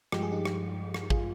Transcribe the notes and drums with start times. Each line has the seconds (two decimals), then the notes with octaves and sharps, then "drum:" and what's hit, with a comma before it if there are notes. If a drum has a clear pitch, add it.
0.12 G2 F3 G#3 G4, drum: rim click
0.22 G#4
0.32 D#4 G4
0.45 drum: rim click
0.94 drum: rim click
1.10 F4 G#4, drum: kick